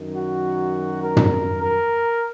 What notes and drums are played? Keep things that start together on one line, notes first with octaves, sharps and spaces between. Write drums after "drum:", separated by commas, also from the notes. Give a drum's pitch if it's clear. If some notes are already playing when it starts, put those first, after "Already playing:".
Already playing: F#2 D#3
F#4
A#4
drum: tom
A#4